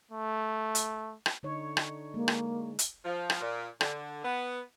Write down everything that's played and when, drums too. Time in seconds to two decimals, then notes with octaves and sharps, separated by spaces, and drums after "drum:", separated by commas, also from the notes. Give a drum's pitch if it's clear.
0.11 A3
0.75 drum: hi-hat
1.26 drum: rim click
1.43 D3 D#4 C#5
1.77 drum: rim click
2.14 G#3 A#3
2.28 drum: rim click
2.79 drum: hi-hat
3.05 F3
3.30 drum: rim click
3.41 A#2
3.81 D3, drum: rim click
4.24 B3